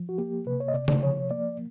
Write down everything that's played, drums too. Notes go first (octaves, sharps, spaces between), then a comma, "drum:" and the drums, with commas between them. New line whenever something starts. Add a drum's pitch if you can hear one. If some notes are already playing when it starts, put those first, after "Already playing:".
Already playing: F3
F#4
A#3 G4
C3 B4
C#5
D#5
C3 D5
D5, drum: tom C#3
F3 C#5
A#3 D5